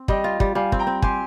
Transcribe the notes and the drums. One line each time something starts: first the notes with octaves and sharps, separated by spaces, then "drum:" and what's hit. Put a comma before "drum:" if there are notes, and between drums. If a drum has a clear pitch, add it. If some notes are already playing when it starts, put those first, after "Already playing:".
Already playing: C4
G3 D#5 G5, drum: kick
F4
G3, drum: kick
G3 F5 G#5
C4, drum: kick
G5 A#5
C4
G4 G#5 C6, drum: kick